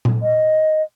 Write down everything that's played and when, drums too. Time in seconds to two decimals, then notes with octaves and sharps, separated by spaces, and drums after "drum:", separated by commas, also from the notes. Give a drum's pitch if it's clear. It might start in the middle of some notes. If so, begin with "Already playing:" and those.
0.05 drum: tom A#2
0.23 D#5